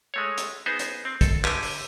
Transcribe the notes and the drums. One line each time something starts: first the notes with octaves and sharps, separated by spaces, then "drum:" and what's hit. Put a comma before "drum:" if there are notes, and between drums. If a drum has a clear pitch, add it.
G#3 A3 C#5
drum: hi-hat
B3 D#4 G#4 C5
drum: hi-hat
C4
A4, drum: kick, hi-hat
D3 G4 G#5, drum: clap
drum: open hi-hat